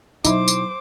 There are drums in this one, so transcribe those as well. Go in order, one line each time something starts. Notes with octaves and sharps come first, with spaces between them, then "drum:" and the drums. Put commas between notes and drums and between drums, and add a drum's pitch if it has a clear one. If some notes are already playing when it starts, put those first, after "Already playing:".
B2 F#3 D#4 E4 C5 D6, drum: tambourine
drum: tambourine